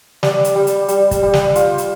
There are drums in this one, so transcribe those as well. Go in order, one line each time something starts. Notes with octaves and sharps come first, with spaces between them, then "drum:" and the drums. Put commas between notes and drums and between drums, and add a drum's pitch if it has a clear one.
G3 D5, drum: snare
drum: hi-hat
G3
drum: hi-hat
G3, drum: hi-hat
drum: kick, hi-hat
G3
drum: snare
F4, drum: hi-hat
drum: hi-hat